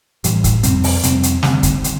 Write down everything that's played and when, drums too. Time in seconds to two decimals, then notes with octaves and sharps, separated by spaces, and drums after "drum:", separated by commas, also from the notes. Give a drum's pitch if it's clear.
0.24 A1 A2 E3 G3, drum: hi-hat
0.44 drum: kick, hi-hat
0.63 F2 C3 G3 C4, drum: hi-hat
0.84 drum: open hi-hat
1.03 F2 C3 G3 C4, drum: hi-hat
1.23 drum: hi-hat
1.43 D2 D3 G3 C4, drum: snare
1.63 drum: kick, hi-hat
1.84 D3, drum: hi-hat